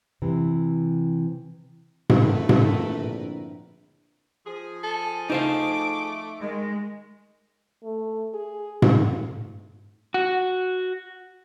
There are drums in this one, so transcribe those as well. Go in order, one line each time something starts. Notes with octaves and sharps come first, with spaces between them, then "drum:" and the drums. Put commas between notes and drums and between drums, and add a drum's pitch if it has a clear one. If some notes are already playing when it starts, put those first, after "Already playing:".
C3 E3
drum: tom G#2
A#1 D3 A3 C4 E4 A#4 B4
drum: tom G#2
F3 G#4
A4
A3 D#4 C5 F5 D6
D#3 G#3
A3
G#4
drum: tom G#2
F#4